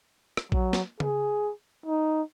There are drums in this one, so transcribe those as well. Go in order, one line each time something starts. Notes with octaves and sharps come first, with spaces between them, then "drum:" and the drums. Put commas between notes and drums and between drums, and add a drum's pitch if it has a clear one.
drum: rim click
F#3, drum: kick A#1
drum: snare
G#4, drum: tom C#3
D#4